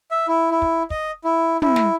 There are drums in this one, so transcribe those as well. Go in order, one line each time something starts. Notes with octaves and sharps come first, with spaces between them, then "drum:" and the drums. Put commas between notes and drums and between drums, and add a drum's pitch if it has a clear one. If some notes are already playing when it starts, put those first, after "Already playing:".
E5
E4
E4
drum: kick
D#5, drum: kick
E4
E4, drum: tom
drum: snare